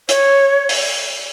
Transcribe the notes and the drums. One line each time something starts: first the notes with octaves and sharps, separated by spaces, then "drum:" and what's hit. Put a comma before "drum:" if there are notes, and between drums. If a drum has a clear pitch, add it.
C#5, drum: hi-hat
drum: open hi-hat